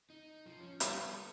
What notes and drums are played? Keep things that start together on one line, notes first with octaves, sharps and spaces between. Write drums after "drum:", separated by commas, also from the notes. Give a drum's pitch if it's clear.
D#4
F3
C#4
G3, drum: hi-hat
B3
A4